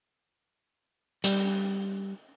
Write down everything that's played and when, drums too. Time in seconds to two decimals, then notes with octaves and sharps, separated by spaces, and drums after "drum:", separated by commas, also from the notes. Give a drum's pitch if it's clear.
1.24 G3, drum: hi-hat